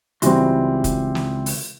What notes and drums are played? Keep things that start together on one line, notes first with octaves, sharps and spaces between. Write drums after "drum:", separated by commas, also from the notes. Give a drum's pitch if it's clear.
C#2 E3 G3 C4 F#4 C6, drum: hi-hat
drum: kick, hi-hat
drum: snare
drum: open hi-hat